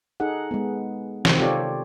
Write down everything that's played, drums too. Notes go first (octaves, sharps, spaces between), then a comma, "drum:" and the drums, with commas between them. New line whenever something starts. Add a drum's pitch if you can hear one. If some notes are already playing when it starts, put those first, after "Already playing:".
D#4 G#4 A4 F#5
G#3 B3
C3 D#3 C4, drum: snare
C4 F4 G4 A4 C#5 D5